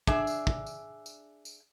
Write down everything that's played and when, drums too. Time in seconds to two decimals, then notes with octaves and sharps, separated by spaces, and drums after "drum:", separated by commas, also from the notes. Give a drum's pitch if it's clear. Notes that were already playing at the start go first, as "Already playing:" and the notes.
0.07 D4 G#4 E5, drum: kick
0.27 drum: tambourine
0.47 drum: kick
0.67 drum: tambourine
1.06 drum: tambourine
1.45 drum: tambourine